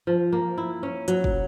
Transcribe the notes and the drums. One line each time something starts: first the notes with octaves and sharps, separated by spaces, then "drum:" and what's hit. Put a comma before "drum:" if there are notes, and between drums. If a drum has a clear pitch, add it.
F3
A#3
E4
C#4
F#3, drum: hi-hat
drum: kick